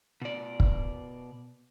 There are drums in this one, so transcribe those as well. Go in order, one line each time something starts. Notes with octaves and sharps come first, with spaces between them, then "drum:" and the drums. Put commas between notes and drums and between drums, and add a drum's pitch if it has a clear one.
B2 D5
drum: kick